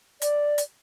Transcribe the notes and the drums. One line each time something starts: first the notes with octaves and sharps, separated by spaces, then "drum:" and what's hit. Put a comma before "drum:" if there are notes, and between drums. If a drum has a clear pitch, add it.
D5, drum: hi-hat
drum: hi-hat